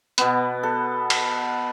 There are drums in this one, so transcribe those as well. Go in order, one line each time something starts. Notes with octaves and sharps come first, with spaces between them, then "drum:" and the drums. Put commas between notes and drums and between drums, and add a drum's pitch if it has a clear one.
B2 B3, drum: hi-hat
A4
drum: cymbal